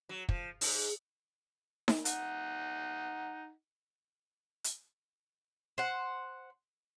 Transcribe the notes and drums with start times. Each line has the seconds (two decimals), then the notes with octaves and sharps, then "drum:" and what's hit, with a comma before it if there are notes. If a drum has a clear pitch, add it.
0.09 F#3
0.29 F3, drum: kick
0.61 G#2, drum: open hi-hat
1.88 drum: snare D#4
2.05 D#4 F#5, drum: hi-hat
4.64 drum: hi-hat
5.78 C5 F#5